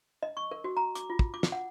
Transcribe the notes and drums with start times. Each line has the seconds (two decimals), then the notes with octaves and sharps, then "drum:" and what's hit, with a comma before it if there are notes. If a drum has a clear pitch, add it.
0.23 D#5
0.37 C#6
0.51 A#4
0.64 F#4
0.77 A#5
0.95 D6, drum: hi-hat
1.10 F4
1.19 drum: kick
1.34 D6
1.43 drum: snare
1.52 F#5